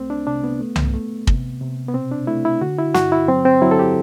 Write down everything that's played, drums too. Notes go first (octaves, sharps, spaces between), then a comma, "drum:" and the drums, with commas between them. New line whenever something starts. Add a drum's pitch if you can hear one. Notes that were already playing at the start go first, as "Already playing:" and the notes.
Already playing: C2 A3 C4
D4
C3 D4
B3
A3
drum: tom C2
A3
C3, drum: kick
C3
B3
B2 C4
D4
A3 E4
E4
D3 F#4
E4
G2 F#4, drum: snare
E4
F#3 C4
C4
F#3 E4
A4
G4